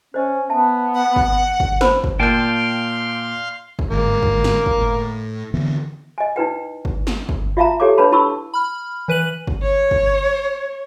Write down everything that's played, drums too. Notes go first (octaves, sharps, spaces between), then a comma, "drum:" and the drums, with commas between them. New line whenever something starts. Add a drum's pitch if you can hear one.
C#4 C5 D#5
B3 E5 A5
F#5
drum: kick
drum: kick
B4 C5 B5, drum: snare
drum: kick
A#2 F5 G5 A5 C6 G6
drum: kick
G1 G#2 A#3
drum: kick
drum: snare
drum: kick
A2
D3 E3 B3
D#5 G#5
D#4 E4 B4 G5
drum: kick
drum: snare
drum: kick
F4 E5 F5 A5 A#5
G4 A4 C#5 F5 D6
D4 B4 C#5 A5 B5
E4 A5 B5 C#6 E6
B5 F6
E3 B4 D#7 F#7
drum: kick
C#5
drum: kick